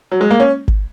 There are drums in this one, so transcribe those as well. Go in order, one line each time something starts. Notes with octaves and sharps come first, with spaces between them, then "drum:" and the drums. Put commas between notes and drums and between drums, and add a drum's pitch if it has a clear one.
F#3
G#3
A#3
C#4
drum: kick G1